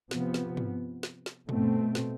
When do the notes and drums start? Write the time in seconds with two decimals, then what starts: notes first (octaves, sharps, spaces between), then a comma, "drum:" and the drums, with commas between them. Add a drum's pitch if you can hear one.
0.11 C3 F3 B3, drum: snare
0.34 drum: snare
0.57 drum: tom
1.03 drum: snare
1.26 drum: snare
1.49 B2 A3 C4, drum: tom
1.95 drum: snare